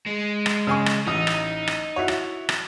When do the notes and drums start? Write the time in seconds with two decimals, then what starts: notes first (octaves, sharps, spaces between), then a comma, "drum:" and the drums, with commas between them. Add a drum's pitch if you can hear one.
0.07 G#3
0.46 drum: rim click
0.67 C#3 G#5 C#6
0.86 drum: rim click
1.07 A1 D#4 D#6
1.27 drum: rim click
1.67 drum: rim click
1.96 E4 F#4 C#5
2.08 drum: rim click
2.49 drum: rim click